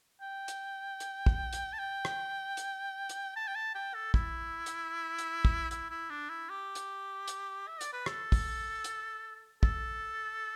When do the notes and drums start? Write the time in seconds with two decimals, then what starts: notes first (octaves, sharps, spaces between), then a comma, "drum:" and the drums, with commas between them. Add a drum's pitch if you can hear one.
0.22 G5
0.48 drum: hi-hat
1.00 drum: hi-hat
1.26 drum: kick
1.53 drum: hi-hat
1.74 A5
1.79 G5
2.05 drum: rim click
2.57 drum: hi-hat
3.09 drum: hi-hat
3.36 A5
3.48 G5
3.56 A5
3.75 G5
3.94 A4
4.14 E4, drum: kick
4.66 drum: hi-hat
5.18 drum: hi-hat
5.45 drum: kick
5.71 E4, drum: hi-hat
5.90 E4
6.10 D4
6.30 E4
6.50 G4
6.75 drum: hi-hat
7.28 drum: hi-hat
7.68 E5
7.81 D5, drum: hi-hat
7.93 B4
8.06 A4, drum: rim click
8.32 drum: kick, open hi-hat
8.84 drum: hi-hat
9.63 A4, drum: kick